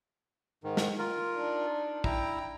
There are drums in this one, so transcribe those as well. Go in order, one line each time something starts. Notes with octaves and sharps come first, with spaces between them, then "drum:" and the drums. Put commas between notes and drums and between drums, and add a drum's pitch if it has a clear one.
G#2 D#3
drum: snare
F4 A#4
D4 D#4
E4 G5 A#5, drum: kick